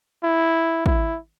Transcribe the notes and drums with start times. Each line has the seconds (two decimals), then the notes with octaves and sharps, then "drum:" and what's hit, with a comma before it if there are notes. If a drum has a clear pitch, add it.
0.23 E4
0.86 E4, drum: kick